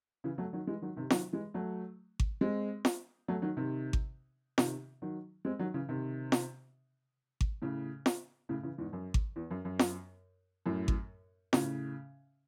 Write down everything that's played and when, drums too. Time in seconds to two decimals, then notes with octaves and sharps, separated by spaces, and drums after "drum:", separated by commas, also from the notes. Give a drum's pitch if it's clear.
0.24 C#3 E3
0.38 F#3 A3
0.53 D#3 F#3
0.67 E3 G#3
0.82 D#3 F#3
0.96 C3 D#3
1.10 D#3 F#3, drum: snare
1.33 E3 G#3
1.54 F#3 A3
2.20 drum: kick G#1
2.41 G#3 C4
2.85 drum: snare
3.28 F#3 A3
3.42 D#3 F#3
3.57 C3 D#3
3.93 drum: kick G#1
4.58 C3 D#3, drum: snare
5.02 D#3 F#3
5.45 G#3 C4
5.59 D#3 F#3
5.74 C#3 E3
5.88 C3 D#3
6.32 drum: snare
7.41 drum: kick G#1
7.62 A2 C#3
8.06 drum: snare
8.49 A2 C#3
8.63 C#3 E3
8.78 E2 G#2
8.93 F#2
9.14 drum: kick G#1
9.36 E2
9.51 F#2
9.65 F#2
9.79 drum: snare
10.66 F#2 A2
10.88 drum: kick G#1
11.53 A2 C#3, drum: snare